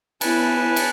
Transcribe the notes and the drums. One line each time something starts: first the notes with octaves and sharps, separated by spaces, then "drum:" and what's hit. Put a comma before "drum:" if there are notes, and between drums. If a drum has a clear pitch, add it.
B3 E4 B4 G#5 A5, drum: cymbal
drum: cymbal